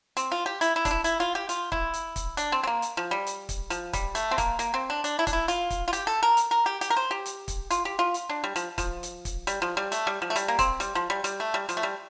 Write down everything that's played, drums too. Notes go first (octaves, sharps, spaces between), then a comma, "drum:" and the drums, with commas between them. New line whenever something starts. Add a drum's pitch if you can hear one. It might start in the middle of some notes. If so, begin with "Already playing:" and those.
C4, drum: hi-hat
F4
G4
E4, drum: hi-hat
E4
D4, drum: kick, hi-hat
E4
E4, drum: hi-hat
F4
G4
F4, drum: hi-hat
E4, drum: kick
drum: hi-hat
drum: kick, hi-hat
D4, drum: hi-hat
C4
C4
A#3
drum: hi-hat
F3
G3
drum: hi-hat
drum: kick, hi-hat
F3, drum: hi-hat
G3, drum: kick, hi-hat
A3, drum: hi-hat
C4
A#3, drum: kick, hi-hat
A#3, drum: hi-hat
C4
D4
D4, drum: hi-hat
E4
D4, drum: kick, hi-hat
E4
F4, drum: hi-hat
drum: kick, hi-hat
F4
G4, drum: hi-hat
A4
A#4
drum: hi-hat
A#4
G4
G4, drum: hi-hat
A#4
C5
G4
drum: hi-hat
drum: kick, hi-hat
F4, drum: hi-hat
G4
F4
drum: hi-hat
D4
G3
F3, drum: hi-hat
F3, drum: kick, hi-hat
drum: hi-hat
drum: kick, hi-hat
G3, drum: hi-hat
F3
G3
A3, drum: hi-hat
G3
F3
A3
G3, drum: hi-hat
A#3
C4, drum: kick, hi-hat
G3, drum: hi-hat
F3
G3
G3, drum: hi-hat
A3
G3
F3, drum: hi-hat
A3
G3